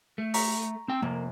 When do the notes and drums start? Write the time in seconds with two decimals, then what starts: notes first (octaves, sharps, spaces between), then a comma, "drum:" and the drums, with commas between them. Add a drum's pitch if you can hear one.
0.18 A3
0.34 A#5 C#6 B6, drum: open hi-hat
0.88 C4 G5
1.02 F1 A#3